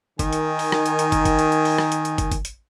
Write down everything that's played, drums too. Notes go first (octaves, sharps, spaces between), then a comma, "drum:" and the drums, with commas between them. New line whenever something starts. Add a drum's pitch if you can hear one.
D#3 G#5, drum: kick, hi-hat
drum: hi-hat
drum: open hi-hat
drum: rim click
drum: hi-hat
drum: hi-hat
drum: kick, hi-hat
drum: kick, hi-hat
drum: hi-hat
drum: hi-hat
drum: open hi-hat
drum: rim click
drum: hi-hat
drum: hi-hat
drum: kick, hi-hat
drum: kick, hi-hat
drum: hi-hat